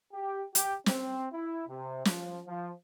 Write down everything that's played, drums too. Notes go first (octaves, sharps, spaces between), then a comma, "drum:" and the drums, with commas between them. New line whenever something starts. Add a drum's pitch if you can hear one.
G4
G4, drum: hi-hat
C4, drum: snare
E4
C3
F3, drum: snare
F3